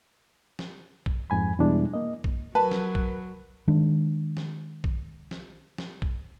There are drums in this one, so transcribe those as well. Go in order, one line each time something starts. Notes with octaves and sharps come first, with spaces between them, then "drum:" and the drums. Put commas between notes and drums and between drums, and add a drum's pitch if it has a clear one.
drum: snare
drum: kick A#1
F2 G#2 G#5 B5
E2 B2 G3 G#3 D4 E4
A#3 D#5
drum: kick A#1
F#3 A#4 B4 A5
drum: snare
drum: kick A#1
D#3 G#3 D4
drum: snare
drum: kick A#1
drum: snare
drum: snare
drum: kick A#1